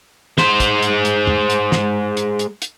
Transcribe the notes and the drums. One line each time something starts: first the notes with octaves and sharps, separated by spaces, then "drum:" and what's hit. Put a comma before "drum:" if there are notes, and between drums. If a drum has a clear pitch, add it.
G#3 C5, drum: snare
drum: kick, hi-hat
drum: hi-hat
drum: hi-hat
drum: tom
drum: hi-hat
drum: snare
drum: hi-hat
drum: hi-hat
drum: hi-hat